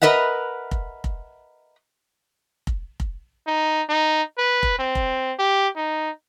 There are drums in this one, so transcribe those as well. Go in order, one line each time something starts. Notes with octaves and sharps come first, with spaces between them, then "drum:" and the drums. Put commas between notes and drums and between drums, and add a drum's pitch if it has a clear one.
A#4 B4 D#5 E5 F#5
drum: kick F1
drum: kick F1
drum: kick F1
drum: kick F1
D#4
D#4
B4
drum: kick F1
C4
drum: kick F1
G4
D#4